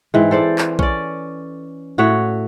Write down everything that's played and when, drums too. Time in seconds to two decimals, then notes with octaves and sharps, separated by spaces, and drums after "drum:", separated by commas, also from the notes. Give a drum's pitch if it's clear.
0.14 G#2 E3 C4
0.31 A4 C5 D5
0.58 drum: clap
0.79 C#4 D5, drum: kick A#1
1.98 A2 F#4 C#5 E5